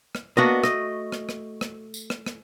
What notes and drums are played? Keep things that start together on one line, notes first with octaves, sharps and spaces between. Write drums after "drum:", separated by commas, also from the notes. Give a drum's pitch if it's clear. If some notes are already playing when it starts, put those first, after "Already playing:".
drum: rim click
A#3 B3 D4 F#4 D#5
A3 D#5, drum: rim click
drum: rim click
drum: rim click
drum: rim click
drum: tambourine
drum: rim click
drum: rim click